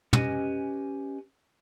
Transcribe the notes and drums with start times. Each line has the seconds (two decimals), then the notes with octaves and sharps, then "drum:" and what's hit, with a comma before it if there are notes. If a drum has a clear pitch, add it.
0.13 C#4 G4 B4 D#5 G#5, drum: tom